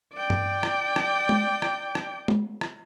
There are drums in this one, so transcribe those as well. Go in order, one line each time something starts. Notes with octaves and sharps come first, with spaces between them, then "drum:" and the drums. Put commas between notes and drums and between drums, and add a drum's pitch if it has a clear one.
D5 G5
drum: tom G2
drum: rim click
drum: rim click
drum: tom
drum: rim click
drum: rim click
drum: tom
drum: rim click